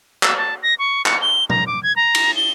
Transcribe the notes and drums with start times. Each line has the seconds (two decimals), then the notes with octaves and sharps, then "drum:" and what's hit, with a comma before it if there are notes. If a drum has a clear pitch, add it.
0.23 E6, drum: clap
0.37 A5
0.63 A#6
0.79 C#6
1.06 C#7, drum: clap
1.21 G7
1.50 A#5, drum: tom
1.67 D6
1.83 G#6
1.96 A#5
2.15 drum: cymbal
2.36 G7